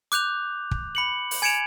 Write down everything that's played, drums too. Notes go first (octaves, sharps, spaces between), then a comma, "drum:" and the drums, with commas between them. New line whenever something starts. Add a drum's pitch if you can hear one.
D6 F#6 G6 F7, drum: hi-hat
drum: kick
B5 C#7 F#7
drum: open hi-hat
G#5 G#6 C#7 D7 E7 F7